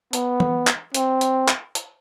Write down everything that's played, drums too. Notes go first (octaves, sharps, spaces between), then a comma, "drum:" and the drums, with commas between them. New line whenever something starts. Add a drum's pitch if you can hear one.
B3, drum: hi-hat
drum: tom E3
drum: clap
C4, drum: hi-hat
drum: hi-hat
drum: clap
drum: hi-hat